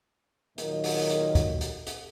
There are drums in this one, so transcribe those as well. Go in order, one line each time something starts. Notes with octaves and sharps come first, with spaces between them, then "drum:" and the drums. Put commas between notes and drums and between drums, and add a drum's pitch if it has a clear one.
D#2 A#2 D#3 F#3 A#4 D#5, drum: hi-hat
drum: open hi-hat
drum: hi-hat
drum: kick, hi-hat
drum: hi-hat
drum: hi-hat